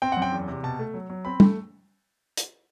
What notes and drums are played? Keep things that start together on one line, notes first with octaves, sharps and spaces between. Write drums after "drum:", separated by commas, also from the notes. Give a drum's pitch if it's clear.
C4 G5
F#2 F#5
G5
E2
C3
B2 A5
A3
F#3
F#3
C4 B5
A3, drum: tom
drum: hi-hat